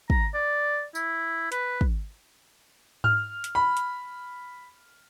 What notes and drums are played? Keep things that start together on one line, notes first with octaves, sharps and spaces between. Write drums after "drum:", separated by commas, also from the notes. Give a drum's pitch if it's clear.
A#5, drum: kick
D5
E4, drum: tambourine
B4, drum: hi-hat
drum: kick
F6, drum: tom G#2
drum: hi-hat
B5
drum: hi-hat